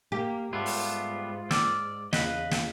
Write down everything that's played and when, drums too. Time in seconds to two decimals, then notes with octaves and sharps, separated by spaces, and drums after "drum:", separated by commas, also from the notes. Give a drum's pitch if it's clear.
0.12 A#3 G4
0.53 G#2 G3 A3 B3 F4
0.66 drum: open hi-hat
1.51 D5 E6 F6, drum: snare
2.13 E2 C#3 B4 D#5 F5, drum: snare
2.51 drum: snare